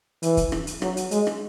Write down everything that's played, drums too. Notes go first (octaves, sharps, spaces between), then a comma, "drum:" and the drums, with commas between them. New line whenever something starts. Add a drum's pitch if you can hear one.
E3, drum: hi-hat
drum: kick, hi-hat
drum: rim click
drum: hi-hat
F#3, drum: rim click
drum: hi-hat
G#3, drum: hi-hat
drum: rim click